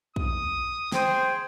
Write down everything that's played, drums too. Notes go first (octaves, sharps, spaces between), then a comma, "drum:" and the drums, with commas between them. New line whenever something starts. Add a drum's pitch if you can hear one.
D#6, drum: kick
G#4 C5 G5, drum: snare